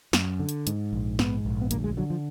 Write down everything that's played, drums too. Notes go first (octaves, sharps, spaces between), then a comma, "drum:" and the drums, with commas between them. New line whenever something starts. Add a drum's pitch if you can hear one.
F#2, drum: snare
D3
drum: hi-hat
G#2, drum: hi-hat
A#1
G#2 B3, drum: snare
A#1
B3
D2 A#3, drum: hi-hat
G#3
D3 F#3
F3